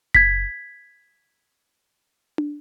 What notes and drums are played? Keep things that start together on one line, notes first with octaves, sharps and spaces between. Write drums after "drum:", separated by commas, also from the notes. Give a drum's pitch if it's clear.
G#6 B6, drum: kick F#1
drum: tom